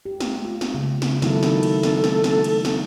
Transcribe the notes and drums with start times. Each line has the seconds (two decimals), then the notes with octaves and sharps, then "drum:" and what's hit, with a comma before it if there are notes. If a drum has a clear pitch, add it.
0.06 G4
0.20 drum: snare
0.45 F4
0.61 drum: snare
0.74 C#3
1.02 drum: snare
1.22 D#3 F#3 E4 A4, drum: snare
1.43 drum: snare
1.63 drum: cymbal
1.83 drum: snare
2.04 drum: snare
2.24 drum: snare
2.44 drum: cymbal
2.65 drum: snare